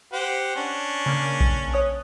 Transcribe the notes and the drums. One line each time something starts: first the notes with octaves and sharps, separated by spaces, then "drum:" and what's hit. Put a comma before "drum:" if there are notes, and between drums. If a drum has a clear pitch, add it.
G4 C5 F#5
C#4 D4
C#3 A#3
drum: kick A#1
C#5 D#6 F#6